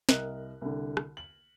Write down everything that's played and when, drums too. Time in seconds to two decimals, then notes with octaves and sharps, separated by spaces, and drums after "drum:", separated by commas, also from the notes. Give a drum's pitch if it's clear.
0.09 C2 A#4 D#5 F#6, drum: snare
0.61 C2 D3
0.97 drum: rim click
1.17 F#7